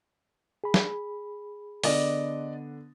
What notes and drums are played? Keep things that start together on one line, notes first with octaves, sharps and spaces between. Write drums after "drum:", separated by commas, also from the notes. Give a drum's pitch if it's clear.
G#4 B5
drum: snare
D3 B3 D4 D5 D#5, drum: open hi-hat